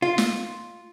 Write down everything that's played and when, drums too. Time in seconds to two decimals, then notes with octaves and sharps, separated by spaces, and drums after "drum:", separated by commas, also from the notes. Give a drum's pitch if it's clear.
0.02 F4
0.18 drum: snare